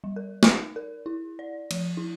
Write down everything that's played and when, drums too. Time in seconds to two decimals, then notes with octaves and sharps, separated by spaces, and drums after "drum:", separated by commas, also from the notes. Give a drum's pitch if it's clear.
0.04 G3
0.16 A#4
0.43 D#4, drum: snare
0.76 A#4
1.06 E4
1.39 D5
1.71 F3, drum: cymbal
1.97 E4